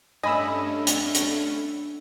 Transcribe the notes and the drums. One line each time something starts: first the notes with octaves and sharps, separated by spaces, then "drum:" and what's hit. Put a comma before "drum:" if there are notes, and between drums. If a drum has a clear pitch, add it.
G2 A3 C#4 D4 D#5 G#5 B5 E6
drum: hi-hat
drum: hi-hat